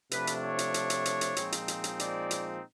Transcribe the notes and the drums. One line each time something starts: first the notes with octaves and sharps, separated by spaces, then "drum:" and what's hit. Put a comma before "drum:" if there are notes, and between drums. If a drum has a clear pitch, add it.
C3 F3 A3 D4 B4, drum: hi-hat
drum: hi-hat
C#5
drum: hi-hat
drum: hi-hat
drum: hi-hat
drum: hi-hat
drum: hi-hat
A#2 F3 G#3 C4 D#4, drum: hi-hat
drum: hi-hat
drum: hi-hat
drum: hi-hat
D5, drum: hi-hat
drum: hi-hat